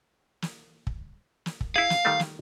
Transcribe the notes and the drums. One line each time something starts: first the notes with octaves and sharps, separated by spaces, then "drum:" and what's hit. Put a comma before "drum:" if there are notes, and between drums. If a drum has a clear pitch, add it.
drum: snare
drum: kick
drum: snare
drum: kick
E4 G#4 F5
drum: snare
D#3 G3 A3
drum: snare